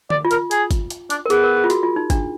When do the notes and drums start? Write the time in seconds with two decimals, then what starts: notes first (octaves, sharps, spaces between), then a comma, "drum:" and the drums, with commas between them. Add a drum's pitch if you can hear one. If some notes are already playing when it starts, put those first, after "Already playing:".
0.10 D5, drum: tom
0.25 F4
0.31 A#4, drum: hi-hat
0.51 G#4, drum: hi-hat
0.71 drum: kick, hi-hat
0.90 drum: hi-hat
1.10 D4, drum: hi-hat
1.26 A#4
1.30 B3 G#4, drum: hi-hat
1.43 A#4
1.57 G#4
1.64 F4
1.70 F#4, drum: hi-hat
1.83 F4
1.96 D#4
2.10 D4, drum: kick, hi-hat